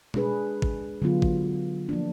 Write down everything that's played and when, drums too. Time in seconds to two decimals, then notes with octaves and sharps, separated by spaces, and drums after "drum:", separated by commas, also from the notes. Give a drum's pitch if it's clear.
0.14 G#3 D4 G#4 B4, drum: tom B2
0.62 drum: kick
1.02 D3 F#3 B3 F4
1.22 drum: kick
1.89 F3 A#3 D4